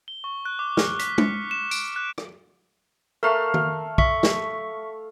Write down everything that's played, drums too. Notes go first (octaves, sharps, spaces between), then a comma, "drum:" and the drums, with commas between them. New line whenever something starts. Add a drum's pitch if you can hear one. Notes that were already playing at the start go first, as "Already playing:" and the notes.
G7
C#6
F#6
D6
F6, drum: snare
B6, drum: hi-hat
C#7, drum: tom G#3
E7
D7, drum: tambourine
F#6
drum: rim click
A3 A#4 F5 A#5
drum: tom D#3
E5 C#6, drum: kick
drum: snare